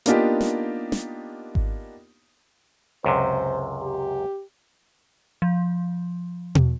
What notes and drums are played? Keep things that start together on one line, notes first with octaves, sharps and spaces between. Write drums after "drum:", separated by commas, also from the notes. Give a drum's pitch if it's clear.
A#3 B3 D4 D#4 F4 G4, drum: hi-hat
drum: snare
drum: snare
drum: kick G#1
C#2 F#2 C3 C5
G4
F3
drum: tom B2